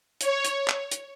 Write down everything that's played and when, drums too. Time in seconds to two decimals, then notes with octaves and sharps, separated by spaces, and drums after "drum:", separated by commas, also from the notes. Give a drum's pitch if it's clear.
0.21 C#5, drum: hi-hat
0.45 drum: hi-hat
0.68 drum: clap
0.91 drum: hi-hat